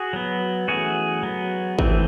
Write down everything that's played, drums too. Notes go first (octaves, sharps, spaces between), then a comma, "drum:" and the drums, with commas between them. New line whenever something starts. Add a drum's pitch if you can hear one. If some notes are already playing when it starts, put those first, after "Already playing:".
Already playing: F#4 G#4
F#3 B3
E3 A3 C#4 F#4 G#4
F#3 B3
E3 A3 C4, drum: kick G#1